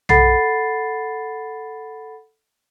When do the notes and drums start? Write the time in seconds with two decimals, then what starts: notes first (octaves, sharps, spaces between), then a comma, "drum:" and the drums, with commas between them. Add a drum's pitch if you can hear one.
0.09 A4 F#5 B5 A6 C7, drum: tom B1